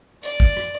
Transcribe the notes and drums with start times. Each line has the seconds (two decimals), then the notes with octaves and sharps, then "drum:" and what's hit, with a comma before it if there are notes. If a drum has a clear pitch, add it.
0.23 D5, drum: hi-hat
0.40 drum: kick
0.57 drum: rim click